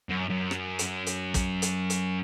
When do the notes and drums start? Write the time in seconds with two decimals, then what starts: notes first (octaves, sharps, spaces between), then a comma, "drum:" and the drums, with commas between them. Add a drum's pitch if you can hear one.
0.09 F#2
0.30 F#2
0.51 drum: rim click
0.79 drum: hi-hat
1.06 drum: hi-hat
1.34 drum: kick, hi-hat
1.62 drum: hi-hat
1.90 drum: hi-hat